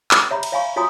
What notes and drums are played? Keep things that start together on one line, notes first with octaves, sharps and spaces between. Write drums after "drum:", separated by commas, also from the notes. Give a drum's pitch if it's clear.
C#6, drum: clap
C#5 E5 A#5 B5
drum: cymbal
C#5 E5 F5 G#5 B5 C#6
F4 F#4 C#5 G#5 A#5 D#6